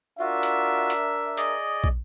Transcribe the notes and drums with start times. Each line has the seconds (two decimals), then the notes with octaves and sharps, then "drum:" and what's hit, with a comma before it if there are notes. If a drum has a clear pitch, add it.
0.20 D4 F4 F#4 A#4 E5
0.43 drum: hi-hat
0.90 drum: hi-hat
1.37 G#4 D5 D#5, drum: hi-hat
1.84 drum: kick